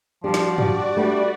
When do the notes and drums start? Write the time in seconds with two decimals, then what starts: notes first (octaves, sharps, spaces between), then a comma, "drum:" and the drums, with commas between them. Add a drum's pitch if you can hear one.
0.24 F3 G3 D4 F#4 G4 D5
0.34 drum: snare
0.58 drum: tom F#2
0.97 G3 A3 D4 B4